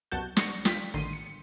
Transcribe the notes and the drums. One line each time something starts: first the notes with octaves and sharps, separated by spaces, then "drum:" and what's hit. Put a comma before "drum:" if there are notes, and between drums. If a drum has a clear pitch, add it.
C2 F#2 B2 F#4 A5 G6
C#6 A#6 C#7, drum: snare
F4 G5 B6, drum: snare
A1 D3 D#3 C6 D#7
C#7